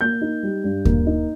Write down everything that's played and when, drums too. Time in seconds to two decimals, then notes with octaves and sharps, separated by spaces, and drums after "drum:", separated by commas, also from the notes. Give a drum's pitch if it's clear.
0.01 A#3 G6
0.21 D#4
0.43 G3
0.64 G2
0.85 A#3, drum: kick D#2
1.06 D#4